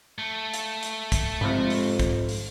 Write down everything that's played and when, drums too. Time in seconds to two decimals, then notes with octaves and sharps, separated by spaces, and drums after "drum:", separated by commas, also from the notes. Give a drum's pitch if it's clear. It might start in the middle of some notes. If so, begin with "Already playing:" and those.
0.19 A3
0.54 drum: hi-hat
0.83 drum: hi-hat
1.12 drum: kick, hi-hat
1.41 F2 G#2 C3 F3 B5
1.70 drum: open hi-hat
1.99 drum: kick, hi-hat
2.29 drum: open hi-hat